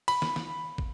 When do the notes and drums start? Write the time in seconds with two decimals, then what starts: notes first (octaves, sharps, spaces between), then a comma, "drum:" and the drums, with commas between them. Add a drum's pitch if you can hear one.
0.08 B5, drum: cymbal
0.22 drum: snare
0.36 drum: snare
0.78 drum: kick